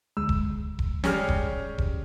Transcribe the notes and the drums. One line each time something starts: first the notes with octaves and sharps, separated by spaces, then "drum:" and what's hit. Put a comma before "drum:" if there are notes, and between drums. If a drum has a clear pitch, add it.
D2 G#3 E6
drum: kick E1
drum: kick E1
G3 C#4 G4 G#4 F6, drum: snare
drum: kick E1
drum: kick E1